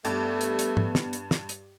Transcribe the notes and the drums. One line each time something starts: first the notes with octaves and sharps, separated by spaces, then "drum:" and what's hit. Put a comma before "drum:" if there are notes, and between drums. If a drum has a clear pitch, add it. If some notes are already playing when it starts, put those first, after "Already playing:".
G2 A3 B3 G4, drum: hi-hat
drum: hi-hat
drum: hi-hat
drum: tom G#2
drum: snare
drum: hi-hat
drum: snare
drum: hi-hat